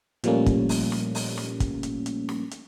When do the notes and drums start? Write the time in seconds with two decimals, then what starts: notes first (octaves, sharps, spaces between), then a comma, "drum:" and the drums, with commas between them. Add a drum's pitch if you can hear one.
0.24 A#2 F3 G3 A3 A#3 C#4, drum: hi-hat
0.46 drum: kick, hi-hat
0.69 drum: open hi-hat
0.92 drum: snare
1.15 drum: open hi-hat
1.38 drum: snare
1.60 drum: kick, hi-hat
1.83 drum: hi-hat
2.06 drum: hi-hat
2.29 drum: snare
2.51 drum: hi-hat